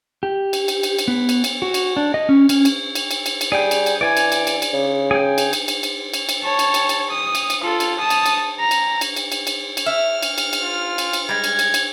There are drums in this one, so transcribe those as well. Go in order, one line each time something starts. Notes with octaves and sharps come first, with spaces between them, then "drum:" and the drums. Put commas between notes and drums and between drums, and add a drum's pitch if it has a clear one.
G4
drum: cymbal
drum: cymbal
drum: cymbal
drum: cymbal
B3
drum: cymbal
drum: cymbal
F#4
drum: cymbal
D4
D#5
C#4
C#4, drum: cymbal
drum: cymbal
drum: cymbal
drum: cymbal
drum: cymbal
drum: cymbal
G3 G#4 G5
drum: cymbal
drum: cymbal
E3 D5 G#5
drum: cymbal
drum: cymbal
drum: cymbal
drum: cymbal
C#3
G#4 G5
drum: cymbal
drum: cymbal
drum: cymbal
drum: cymbal
drum: cymbal
drum: cymbal
C#5 A5
drum: cymbal
drum: cymbal
drum: cymbal
D#6
drum: cymbal
drum: cymbal
F4 A4
drum: cymbal
A5 D#6
drum: cymbal
drum: cymbal
A#5
drum: cymbal
drum: cymbal
drum: cymbal
drum: cymbal
drum: cymbal
drum: cymbal
E5 F6
drum: cymbal
drum: cymbal
drum: cymbal
F4
drum: cymbal
drum: cymbal
G3 G#3 G#6
drum: cymbal
drum: cymbal
drum: cymbal